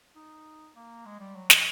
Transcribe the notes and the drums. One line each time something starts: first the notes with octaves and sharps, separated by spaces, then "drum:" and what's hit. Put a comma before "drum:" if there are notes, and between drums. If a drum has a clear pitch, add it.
D#4
A#3
G#3
G3
F#3
F3, drum: snare